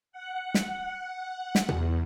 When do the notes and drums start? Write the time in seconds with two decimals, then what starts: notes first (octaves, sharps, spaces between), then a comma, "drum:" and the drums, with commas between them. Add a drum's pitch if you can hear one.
0.12 F#5
0.54 drum: snare
1.55 drum: snare
1.69 E2, drum: tom B2